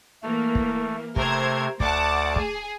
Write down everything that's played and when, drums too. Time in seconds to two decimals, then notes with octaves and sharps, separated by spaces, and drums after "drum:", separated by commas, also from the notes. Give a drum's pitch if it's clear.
0.23 E3 A3 A#3
0.55 drum: kick
1.16 C3 A3 A#4 C5 G#6, drum: kick
1.80 D2 D5 F#5 A5 D6, drum: kick
2.36 G#4, drum: kick